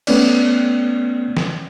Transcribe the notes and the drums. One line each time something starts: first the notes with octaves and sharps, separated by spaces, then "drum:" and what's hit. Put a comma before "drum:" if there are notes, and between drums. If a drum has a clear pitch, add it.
A3 B3 C#4 D5, drum: cymbal
drum: snare